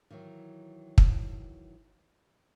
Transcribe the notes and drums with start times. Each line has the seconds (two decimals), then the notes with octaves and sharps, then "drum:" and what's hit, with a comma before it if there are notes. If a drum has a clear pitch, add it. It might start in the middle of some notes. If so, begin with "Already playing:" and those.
0.10 D#3 E3 F#3
0.98 drum: kick